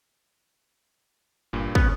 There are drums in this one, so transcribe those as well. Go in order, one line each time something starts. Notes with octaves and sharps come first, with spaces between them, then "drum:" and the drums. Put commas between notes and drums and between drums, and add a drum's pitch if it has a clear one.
G1 G2 A#2
B3 C#4 F6, drum: kick